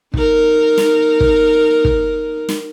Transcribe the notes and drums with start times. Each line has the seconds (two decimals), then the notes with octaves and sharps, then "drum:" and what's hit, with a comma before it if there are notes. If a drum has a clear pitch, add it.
0.14 D#4 A#4, drum: kick
0.78 drum: snare
1.20 drum: kick
1.85 drum: kick
2.49 drum: snare